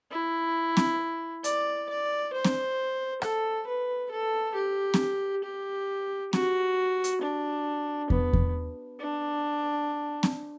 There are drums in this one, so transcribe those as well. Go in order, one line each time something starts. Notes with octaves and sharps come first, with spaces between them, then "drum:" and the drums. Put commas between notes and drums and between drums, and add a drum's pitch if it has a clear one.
E4
drum: snare C4
D5, drum: hi-hat
D5
C5
drum: snare C4
A4, drum: rim click
B4
A4
G4
drum: snare C4
G4
F#4, drum: snare C4
drum: hi-hat
D4
B3, drum: kick E2
drum: kick E2
D4
drum: snare C4